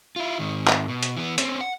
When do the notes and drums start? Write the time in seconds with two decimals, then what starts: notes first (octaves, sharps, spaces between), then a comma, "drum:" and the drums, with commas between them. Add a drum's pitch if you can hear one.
0.16 E4 F4
0.39 G#2 D#3
0.67 drum: clap
0.88 B2
1.03 drum: hi-hat
1.17 E3 B3
1.38 C4 C#4, drum: hi-hat
1.61 F#5